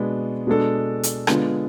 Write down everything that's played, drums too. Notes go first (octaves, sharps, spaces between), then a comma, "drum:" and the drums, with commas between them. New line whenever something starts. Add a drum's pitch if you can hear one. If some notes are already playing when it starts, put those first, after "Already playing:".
Already playing: B2 G#3 B3 D4
B2 G#3 D4 A4
drum: hi-hat
D3 G#3 B3 F4, drum: rim click